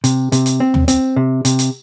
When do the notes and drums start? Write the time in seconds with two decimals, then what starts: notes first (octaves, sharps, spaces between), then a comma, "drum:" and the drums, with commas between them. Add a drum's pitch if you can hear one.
0.04 C3, drum: hi-hat
0.32 C3, drum: hi-hat
0.46 drum: hi-hat
0.60 C4
0.74 drum: tom
0.88 C4, drum: hi-hat
1.16 C3
1.45 C3, drum: hi-hat
1.59 drum: hi-hat